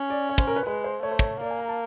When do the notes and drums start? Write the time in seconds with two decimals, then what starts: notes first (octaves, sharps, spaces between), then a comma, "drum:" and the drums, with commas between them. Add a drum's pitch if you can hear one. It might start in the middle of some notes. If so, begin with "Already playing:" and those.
Already playing: C#4
0.10 D5
0.29 C#5
0.38 C5, drum: kick
0.47 A#4
0.56 B4
0.66 G#3 B4
0.84 C5
1.03 A3 C#5
1.11 C5
1.19 C#5, drum: kick
1.41 A#3 D5
1.51 G#5
1.59 A#5
1.68 A5